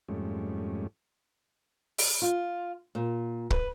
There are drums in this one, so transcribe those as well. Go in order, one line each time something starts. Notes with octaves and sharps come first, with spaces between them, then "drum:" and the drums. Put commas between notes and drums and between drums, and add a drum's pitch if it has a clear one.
F2 G#2 G3 A3 C#4
drum: open hi-hat
F4
A#2
B4, drum: kick